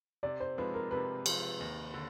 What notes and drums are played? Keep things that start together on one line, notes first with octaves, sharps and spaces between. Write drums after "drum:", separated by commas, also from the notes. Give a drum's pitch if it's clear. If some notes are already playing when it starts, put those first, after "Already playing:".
C3 D5
C5
F3 G#3 C4 B4
A#4
C3 B4
F3 G#3 C4, drum: cymbal
D#2
D3